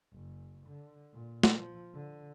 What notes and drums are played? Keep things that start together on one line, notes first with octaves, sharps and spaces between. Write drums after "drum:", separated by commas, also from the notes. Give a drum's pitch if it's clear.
F#1
D3
A#2
drum: snare
F3
D3